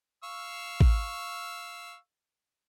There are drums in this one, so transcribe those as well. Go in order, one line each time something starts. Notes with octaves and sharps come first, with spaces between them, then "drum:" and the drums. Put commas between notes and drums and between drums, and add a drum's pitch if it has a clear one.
F5 C#6 E6
drum: kick A1